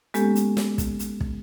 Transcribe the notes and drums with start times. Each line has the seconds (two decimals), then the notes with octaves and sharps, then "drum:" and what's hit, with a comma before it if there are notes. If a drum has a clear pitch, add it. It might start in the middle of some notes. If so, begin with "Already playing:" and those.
0.14 G#3 A#3 B3 C#4 G4 A4, drum: hi-hat
0.35 drum: hi-hat
0.57 drum: snare
0.78 drum: kick, hi-hat
0.99 drum: hi-hat
1.21 drum: kick